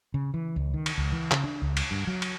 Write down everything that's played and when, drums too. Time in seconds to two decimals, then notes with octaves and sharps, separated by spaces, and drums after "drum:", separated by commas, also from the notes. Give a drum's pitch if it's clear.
0.14 C#3
0.34 E3
0.56 C#2
0.74 D#3
0.86 drum: cymbal
0.98 C#2
1.12 E3
1.31 C#3, drum: clap
1.44 D4
1.62 C#2
1.77 drum: cymbal
1.91 G2
2.07 F#3
2.22 drum: cymbal